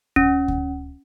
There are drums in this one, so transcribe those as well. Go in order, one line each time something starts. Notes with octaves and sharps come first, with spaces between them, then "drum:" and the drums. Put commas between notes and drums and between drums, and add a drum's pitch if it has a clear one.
C#4, drum: kick D2
drum: kick D2